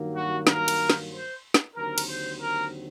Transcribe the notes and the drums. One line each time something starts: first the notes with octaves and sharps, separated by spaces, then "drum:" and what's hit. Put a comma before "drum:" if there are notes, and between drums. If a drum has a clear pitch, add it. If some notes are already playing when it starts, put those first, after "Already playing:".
Already playing: G2 D#3 F#3 A#3
F#4
A#4, drum: snare
drum: cymbal
drum: snare
C5
drum: snare
D#2 D3 F#3 C4 A#4
drum: cymbal
C5
A#4